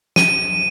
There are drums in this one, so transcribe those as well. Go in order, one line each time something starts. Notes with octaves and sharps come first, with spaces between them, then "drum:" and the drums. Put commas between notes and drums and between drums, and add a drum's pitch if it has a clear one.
D#7, drum: snare